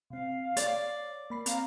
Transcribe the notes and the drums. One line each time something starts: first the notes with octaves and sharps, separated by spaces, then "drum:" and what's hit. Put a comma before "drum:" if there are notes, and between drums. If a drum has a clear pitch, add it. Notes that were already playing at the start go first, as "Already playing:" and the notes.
C3 C4 F5
C#5 D5, drum: hi-hat
A#3 B5 C7
C4 F5 A#5, drum: hi-hat